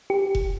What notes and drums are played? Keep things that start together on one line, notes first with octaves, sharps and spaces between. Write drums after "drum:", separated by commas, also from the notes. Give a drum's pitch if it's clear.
G4
drum: kick F1